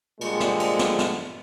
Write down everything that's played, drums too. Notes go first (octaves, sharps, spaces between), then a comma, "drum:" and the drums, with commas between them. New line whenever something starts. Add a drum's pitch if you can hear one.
A#2 D3 F3 G3 G#3, drum: cymbal
drum: snare
drum: cymbal
drum: snare
drum: snare